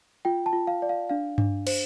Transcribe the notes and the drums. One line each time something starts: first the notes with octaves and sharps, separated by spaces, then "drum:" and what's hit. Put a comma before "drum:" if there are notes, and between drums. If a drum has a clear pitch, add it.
F4 G5
A5
F4
F5
D5
F5
D4 F5
D4, drum: tom G2
C5, drum: cymbal